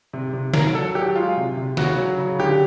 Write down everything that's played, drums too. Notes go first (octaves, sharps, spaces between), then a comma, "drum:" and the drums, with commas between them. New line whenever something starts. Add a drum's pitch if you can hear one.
C3
C3
F#3 A#4, drum: snare
F#3 A4
F#3 G4
G#3 F4
C3
C3
C#3 F#4, drum: snare
F#3
C#3
D3 G4